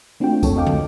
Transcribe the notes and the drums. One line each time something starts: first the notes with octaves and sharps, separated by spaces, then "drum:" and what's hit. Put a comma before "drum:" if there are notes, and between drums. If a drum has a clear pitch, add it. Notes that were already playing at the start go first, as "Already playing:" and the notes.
A3 C4 D4 F4 F#4 G5
F2 A4 C#5, drum: kick C#2, tambourine
A4 D#5 F5 G5 D6
drum: tom